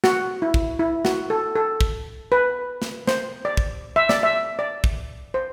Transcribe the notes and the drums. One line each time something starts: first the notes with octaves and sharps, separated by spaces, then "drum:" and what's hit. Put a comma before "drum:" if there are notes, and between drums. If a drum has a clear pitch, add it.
F#4, drum: snare
E4
drum: kick
E4
F#4, drum: snare
A4
A4
drum: kick
B4
drum: snare
C5, drum: snare
D5
drum: kick
E5
D5, drum: snare
E5
D5
drum: kick
C5